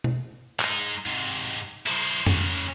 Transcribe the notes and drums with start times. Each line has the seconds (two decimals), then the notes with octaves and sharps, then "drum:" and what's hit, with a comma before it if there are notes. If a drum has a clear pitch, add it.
0.04 drum: tom B2
0.60 G#3 D#4, drum: clap
1.06 G#2 C3
1.86 E4 C5, drum: cymbal
2.26 C#3 F#3, drum: tom F2